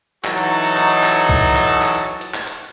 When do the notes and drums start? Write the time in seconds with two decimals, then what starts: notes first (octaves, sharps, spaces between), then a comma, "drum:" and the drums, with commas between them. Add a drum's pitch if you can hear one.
0.25 E3 F#3 D#4 F#4 A4, drum: clap
0.38 drum: hi-hat
0.64 drum: hi-hat
0.77 drum: clap
0.90 drum: hi-hat
1.03 drum: clap
1.16 drum: hi-hat
1.29 drum: kick B1, hi-hat
1.42 drum: hi-hat
1.56 drum: clap
1.69 drum: hi-hat
1.82 drum: clap
1.95 drum: hi-hat
2.21 drum: hi-hat
2.34 drum: clap
2.47 drum: hi-hat